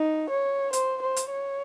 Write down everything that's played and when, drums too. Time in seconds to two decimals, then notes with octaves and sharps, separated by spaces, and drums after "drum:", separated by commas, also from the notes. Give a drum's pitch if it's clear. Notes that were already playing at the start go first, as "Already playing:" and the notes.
Already playing: D#4
0.30 C#5
0.73 C5, drum: hi-hat
1.02 C5
1.16 drum: hi-hat
1.31 C#5